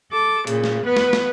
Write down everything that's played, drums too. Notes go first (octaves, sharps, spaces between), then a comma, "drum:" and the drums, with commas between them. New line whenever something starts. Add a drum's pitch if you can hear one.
A4 D6
A#2 C#3, drum: hi-hat
drum: snare
B3 B4
drum: snare
drum: snare